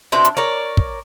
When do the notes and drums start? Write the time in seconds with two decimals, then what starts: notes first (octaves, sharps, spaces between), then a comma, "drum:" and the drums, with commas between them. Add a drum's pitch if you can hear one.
0.12 B2 C4 D4 E5
0.25 drum: hi-hat
0.37 A#4 C#5 D5
0.77 drum: kick